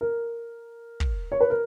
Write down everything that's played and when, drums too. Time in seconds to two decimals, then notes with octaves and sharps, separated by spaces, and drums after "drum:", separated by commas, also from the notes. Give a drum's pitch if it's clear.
0.01 A#4
1.00 drum: kick
1.32 C#5
1.41 B4
1.50 A#4